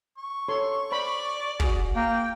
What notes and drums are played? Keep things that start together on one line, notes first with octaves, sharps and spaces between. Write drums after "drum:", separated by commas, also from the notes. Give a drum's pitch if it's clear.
C#6
A4 C#5 C6
C5 D5 B5
F#4 G#4, drum: kick
A#3 G5